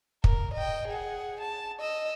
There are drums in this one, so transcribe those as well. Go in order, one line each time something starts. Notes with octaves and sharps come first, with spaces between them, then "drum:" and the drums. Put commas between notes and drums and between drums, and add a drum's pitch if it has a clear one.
A#4, drum: kick
D#5 G5
G#4 F#5
A5
D#5 E6